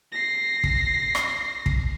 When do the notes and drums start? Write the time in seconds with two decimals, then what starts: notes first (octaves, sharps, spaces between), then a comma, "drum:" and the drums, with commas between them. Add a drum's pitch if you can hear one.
0.12 A#6 C7
0.64 drum: kick
1.15 drum: rim click
1.66 drum: kick